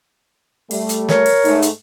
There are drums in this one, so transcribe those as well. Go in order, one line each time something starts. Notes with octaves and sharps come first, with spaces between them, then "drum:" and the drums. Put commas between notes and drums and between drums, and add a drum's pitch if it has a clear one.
G3 A3, drum: open hi-hat
drum: hi-hat
A#4 C#5, drum: snare
drum: open hi-hat
G#2 A3 D#4, drum: open hi-hat
drum: hi-hat